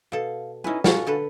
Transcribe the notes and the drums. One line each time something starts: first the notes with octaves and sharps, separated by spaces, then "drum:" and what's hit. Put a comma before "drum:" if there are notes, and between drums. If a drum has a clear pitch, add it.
B2 A4 F5
C#4 D#4 E4 B4 G#5
F4 F#4 G#4 A4 F#5, drum: snare
D3 A4 B4